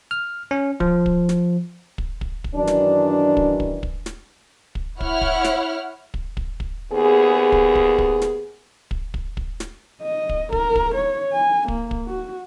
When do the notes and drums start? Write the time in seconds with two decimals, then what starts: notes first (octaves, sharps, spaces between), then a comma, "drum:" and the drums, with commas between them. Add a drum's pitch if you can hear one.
0.11 F6
0.51 C#4
0.80 F3, drum: kick
1.06 drum: kick
1.29 drum: snare
1.98 drum: kick
2.21 drum: kick
2.44 drum: kick
2.54 F#2 D#3 E3 D4
2.67 drum: snare
3.37 drum: kick
3.60 drum: kick
3.83 drum: kick
4.06 drum: snare
4.75 drum: kick
5.01 E4 C#5 F#5 F6, drum: kick
5.21 drum: kick
5.44 drum: snare
6.14 drum: kick
6.37 drum: kick
6.60 drum: kick
6.92 D#2 B3 G#4
7.52 drum: kick
7.75 drum: kick
7.98 drum: kick
8.22 drum: snare
8.91 drum: kick
9.14 drum: kick
9.37 drum: kick
9.60 drum: snare
10.02 D#5
10.29 drum: kick
10.52 A#4, drum: kick
10.76 drum: kick
10.94 C#5
11.33 G#5
11.68 A#3, drum: kick
11.91 drum: kick
12.07 F#4